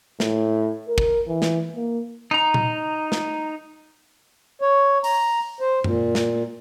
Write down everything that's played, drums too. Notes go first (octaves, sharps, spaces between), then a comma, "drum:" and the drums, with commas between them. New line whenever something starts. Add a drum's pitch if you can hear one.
A2, drum: snare
A#4
drum: kick
E3
drum: snare
A#3
D#4 A#5
drum: tom A#2
drum: snare
C#5
A#5, drum: open hi-hat
C5
A#2, drum: tom F#2
drum: snare